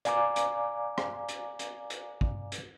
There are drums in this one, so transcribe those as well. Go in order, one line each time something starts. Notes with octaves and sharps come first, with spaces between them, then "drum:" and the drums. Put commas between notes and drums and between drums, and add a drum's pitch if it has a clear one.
D5 F5 G#5 A#5 D6, drum: hi-hat
drum: hi-hat
drum: rim click
drum: hi-hat
drum: hi-hat
drum: hi-hat
drum: kick
drum: hi-hat